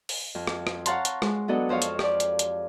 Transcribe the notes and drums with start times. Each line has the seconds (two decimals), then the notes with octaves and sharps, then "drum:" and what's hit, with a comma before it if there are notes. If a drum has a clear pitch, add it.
0.09 drum: open hi-hat
0.35 F2
0.47 drum: rim click
0.67 drum: rim click
0.86 C#5 F5 F#5 A5 A#5 C6, drum: hi-hat
1.05 drum: hi-hat
1.22 G#3, drum: rim click
1.48 F#3 B3 D4 F#4 A4 D#5
1.69 F2 C5 C#5 F5
1.82 drum: hi-hat
1.99 G4 D5, drum: rim click
2.20 drum: hi-hat
2.39 drum: hi-hat